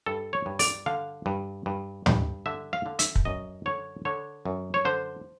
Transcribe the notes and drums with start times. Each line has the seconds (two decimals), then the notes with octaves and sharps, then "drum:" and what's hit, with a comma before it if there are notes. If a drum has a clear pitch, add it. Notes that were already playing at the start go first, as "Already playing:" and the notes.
0.06 G2 A4
0.33 C#5
0.46 G2
0.59 D5, drum: open hi-hat
0.86 D3 F5
1.26 G2
1.66 G2
2.06 G2, drum: tom
2.46 D3 E5
2.73 F5
2.86 D3
2.99 E5, drum: hi-hat
3.15 drum: kick
3.25 F#2 D#5
3.66 D3 C#5
4.05 D3 C#5
4.45 F#2
4.74 C#5
4.85 D3 C5